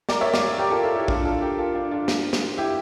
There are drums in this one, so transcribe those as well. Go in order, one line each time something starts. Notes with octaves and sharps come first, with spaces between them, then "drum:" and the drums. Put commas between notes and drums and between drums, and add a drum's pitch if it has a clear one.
A#4 D5, drum: snare
C#5 E5
D5 F5, drum: snare
G4 A#4
F4 A4
F4 A4
E4 G4
D4 F4, drum: kick
F4 A4
G4 A#4
F4 A4
D4 F4
D4 F4
drum: snare
drum: snare
E4 G4